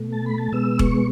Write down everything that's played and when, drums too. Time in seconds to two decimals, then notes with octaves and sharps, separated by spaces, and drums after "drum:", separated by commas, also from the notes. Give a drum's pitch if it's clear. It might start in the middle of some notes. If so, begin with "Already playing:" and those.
Already playing: B2 A3
0.12 A5
0.26 B5
0.38 A5
0.52 B2 G#3 B3 E6
0.79 C#6, drum: kick E1